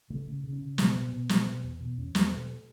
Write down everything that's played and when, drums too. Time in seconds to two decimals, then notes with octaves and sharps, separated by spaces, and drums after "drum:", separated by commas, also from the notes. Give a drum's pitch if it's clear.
0.10 C#3 A3
0.27 C#3
0.44 C#3
0.53 C#4
0.61 C#3
0.78 B2 B3, drum: snare
0.95 B2
1.13 B2
1.29 B2, drum: snare
1.47 B2
1.64 E2
1.81 B2 B3
1.98 E2 C#4
2.15 E2 B3, drum: snare
2.32 B2 A3